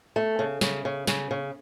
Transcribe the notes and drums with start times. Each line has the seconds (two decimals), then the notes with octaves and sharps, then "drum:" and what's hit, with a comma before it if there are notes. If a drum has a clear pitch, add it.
0.16 A3
0.39 C#3
0.61 C#3, drum: snare
0.85 C#3
1.07 C#3, drum: snare
1.31 C#3